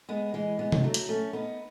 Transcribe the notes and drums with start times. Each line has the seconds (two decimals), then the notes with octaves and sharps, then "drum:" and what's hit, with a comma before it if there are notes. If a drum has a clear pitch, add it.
0.09 G#3 B3
0.34 E3 G#3
0.59 G#3 B3
0.72 drum: tom C3
0.84 F#3 A3
0.94 drum: hi-hat
1.09 A3 C#4
1.33 B3 D#4